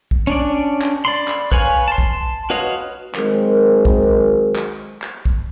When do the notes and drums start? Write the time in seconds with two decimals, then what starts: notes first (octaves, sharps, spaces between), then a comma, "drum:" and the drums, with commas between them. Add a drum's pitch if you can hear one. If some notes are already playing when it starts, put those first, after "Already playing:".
0.11 drum: kick
0.27 C#4 D4 D5
0.81 drum: clap
1.05 D5 B5 C6
1.28 drum: clap
1.52 B4 C#5 F5 G#5, drum: kick
1.88 A5 C6
1.98 drum: kick
2.50 F#4 B4 C#5 D#5 F5
3.15 D#3 F#3 G#3 C4 A#4, drum: clap
3.85 drum: kick
4.55 drum: clap
5.02 drum: clap
5.25 drum: kick